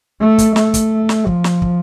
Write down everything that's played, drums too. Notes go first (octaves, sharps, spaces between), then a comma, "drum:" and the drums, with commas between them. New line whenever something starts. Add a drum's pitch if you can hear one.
A3
drum: kick, hi-hat
A3, drum: snare
drum: kick, hi-hat
drum: snare
F3, drum: kick
drum: snare
drum: kick